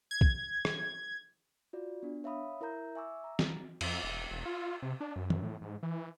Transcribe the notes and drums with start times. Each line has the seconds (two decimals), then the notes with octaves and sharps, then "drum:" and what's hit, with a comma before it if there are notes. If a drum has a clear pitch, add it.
0.11 G#6
0.21 drum: kick B1
0.65 drum: rim click
1.73 F4 F#4 D5
2.03 B3 D4
2.24 C#5 E5 F5 B5 D#6
2.61 E4 A#4 E5 A#5 G6
2.95 E5 G#5 C#6 D6 E6
3.24 A#5
3.39 drum: snare
3.81 F2, drum: cymbal
4.03 E1
4.31 E1
4.46 F4
4.82 C3
5.00 D4
5.16 F#2
5.30 F#2, drum: tom
5.42 A2
5.61 G#2
5.83 E3